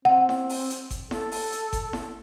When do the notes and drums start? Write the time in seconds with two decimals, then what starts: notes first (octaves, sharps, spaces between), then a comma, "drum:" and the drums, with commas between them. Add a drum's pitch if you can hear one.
0.05 C4 F#5
0.29 drum: snare E4
0.49 drum: open hi-hat
0.70 drum: hi-hat
0.90 drum: kick G1, hi-hat
1.11 A4, drum: snare E4
1.32 drum: open hi-hat
1.52 drum: hi-hat
1.73 drum: kick G1, hi-hat
1.93 drum: snare E4